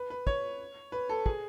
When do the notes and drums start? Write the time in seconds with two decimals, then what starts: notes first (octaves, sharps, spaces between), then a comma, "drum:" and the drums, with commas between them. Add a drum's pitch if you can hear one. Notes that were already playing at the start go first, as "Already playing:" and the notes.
Already playing: B4
0.10 B4
0.27 C#5, drum: kick
0.92 B4
1.09 A4
1.26 G#4, drum: kick